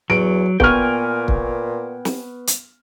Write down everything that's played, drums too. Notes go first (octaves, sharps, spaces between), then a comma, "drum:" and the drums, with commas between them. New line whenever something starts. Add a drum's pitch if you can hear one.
E2 F#3 D7
A#2 B3 G5 G#5 C#6 F6, drum: kick
drum: kick
drum: snare
drum: hi-hat